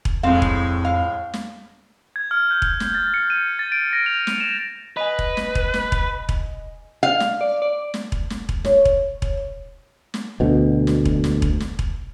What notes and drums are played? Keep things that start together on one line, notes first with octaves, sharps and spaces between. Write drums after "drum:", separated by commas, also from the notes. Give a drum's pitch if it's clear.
drum: kick E1
F2 A2 G#3 C4 F5
drum: kick E1
F5
drum: snare
G#6
F6
G6
drum: kick E1
drum: snare
A6
C#7
D#7
A6
D7
A#6
F7
drum: snare
E7
B4 D#5 G#5
drum: kick E1
drum: snare
drum: kick E1
drum: snare
drum: kick E1
drum: kick E1
F5
drum: snare
D5
D5
drum: snare
drum: kick E1
drum: snare
drum: kick E1
C#5, drum: snare
drum: kick E1
drum: kick E1
drum: snare
D2 B2
drum: snare
drum: kick E1
drum: snare
drum: kick E1
drum: snare
drum: kick E1